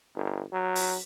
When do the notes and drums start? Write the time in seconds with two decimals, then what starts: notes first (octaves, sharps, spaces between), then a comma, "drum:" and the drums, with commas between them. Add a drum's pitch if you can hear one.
0.16 G1
0.53 F#3
0.75 drum: open hi-hat